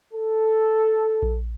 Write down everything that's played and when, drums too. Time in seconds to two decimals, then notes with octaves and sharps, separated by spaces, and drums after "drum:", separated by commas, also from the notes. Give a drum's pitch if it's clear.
0.14 A4
1.22 drum: kick A#1